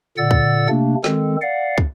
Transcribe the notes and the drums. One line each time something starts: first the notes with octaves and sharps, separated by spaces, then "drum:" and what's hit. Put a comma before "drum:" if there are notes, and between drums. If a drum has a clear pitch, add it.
A#2 D3 D5 F#5 E6 A6
drum: kick
C3 A3 A#3 D4
D#3 G#3 C4 A4, drum: snare
D5 F5 F#5
drum: kick